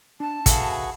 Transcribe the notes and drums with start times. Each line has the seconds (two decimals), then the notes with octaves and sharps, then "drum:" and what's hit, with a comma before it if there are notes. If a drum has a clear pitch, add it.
0.20 D4 A5
0.46 F#4 G#4 A4 B4 E5 F5, drum: kick, hi-hat